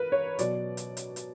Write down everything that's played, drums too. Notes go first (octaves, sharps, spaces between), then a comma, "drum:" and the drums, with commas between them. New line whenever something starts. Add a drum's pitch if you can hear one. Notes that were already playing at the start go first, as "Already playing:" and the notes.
Already playing: A#4 B4
C#5
B2 F#3 D5, drum: hi-hat
drum: hi-hat
drum: hi-hat
drum: hi-hat